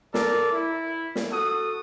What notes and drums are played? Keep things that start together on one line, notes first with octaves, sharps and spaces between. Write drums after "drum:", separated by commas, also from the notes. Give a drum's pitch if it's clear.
A4 A#4 D5, drum: snare
E4
drum: snare
F#4 A4 D#6